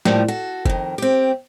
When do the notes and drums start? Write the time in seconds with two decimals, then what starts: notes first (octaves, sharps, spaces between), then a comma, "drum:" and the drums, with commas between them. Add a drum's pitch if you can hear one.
0.05 A2 F3 G3 A3 A#3, drum: snare
0.28 F#4 A4
0.65 F2 D#3, drum: kick F#1
0.98 C4 G4